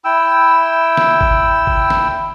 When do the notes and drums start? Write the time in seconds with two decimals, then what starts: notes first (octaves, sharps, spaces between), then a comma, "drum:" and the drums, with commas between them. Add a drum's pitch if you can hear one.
0.05 E4 G5 E6
0.97 drum: snare
1.21 drum: kick G1
1.67 drum: kick G1
1.90 drum: snare